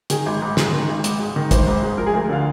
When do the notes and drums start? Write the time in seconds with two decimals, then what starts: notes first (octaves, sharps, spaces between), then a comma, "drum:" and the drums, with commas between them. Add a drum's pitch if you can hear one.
0.10 D#3 G#4, drum: hi-hat
0.26 G#1
0.42 G#2
0.57 G#3, drum: snare
0.73 D#3
0.89 G#1
1.04 G#2, drum: hi-hat
1.19 G#3
1.36 D#3
1.51 G#1 C5, drum: kick, hi-hat
1.67 G#2
1.83 G#3
1.98 F3 A#4
2.06 G#4
2.13 D2 A#4
2.29 D3 F5